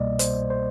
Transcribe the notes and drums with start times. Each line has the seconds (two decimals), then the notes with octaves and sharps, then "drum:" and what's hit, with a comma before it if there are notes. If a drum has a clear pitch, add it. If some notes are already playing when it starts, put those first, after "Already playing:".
Already playing: C2 B2 G3 A#3 D5 D#5
0.19 C5, drum: hi-hat
0.50 C5